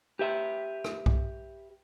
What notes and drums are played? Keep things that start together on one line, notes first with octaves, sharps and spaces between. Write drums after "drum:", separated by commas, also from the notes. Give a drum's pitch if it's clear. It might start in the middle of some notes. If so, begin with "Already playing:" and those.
G4 B4 E5
drum: rim click
drum: kick B1